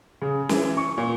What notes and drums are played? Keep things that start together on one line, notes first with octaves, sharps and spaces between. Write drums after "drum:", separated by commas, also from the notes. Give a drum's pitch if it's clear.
C#3
E3, drum: snare
C#6
A#2